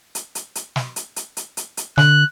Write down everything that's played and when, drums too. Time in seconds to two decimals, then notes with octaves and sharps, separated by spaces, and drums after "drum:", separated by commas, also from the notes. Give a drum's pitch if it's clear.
0.15 drum: hi-hat
0.35 drum: hi-hat
0.55 drum: hi-hat
0.76 drum: snare
0.96 drum: hi-hat
1.16 drum: hi-hat
1.37 drum: hi-hat
1.57 drum: hi-hat
1.77 drum: hi-hat
1.98 D3 F#6, drum: snare